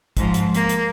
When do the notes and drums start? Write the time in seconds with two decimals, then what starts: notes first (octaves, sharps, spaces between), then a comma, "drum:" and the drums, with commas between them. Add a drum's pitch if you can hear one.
0.17 G#2 F3, drum: kick, hi-hat
0.34 drum: hi-hat
0.54 A#3, drum: hi-hat
0.69 drum: hi-hat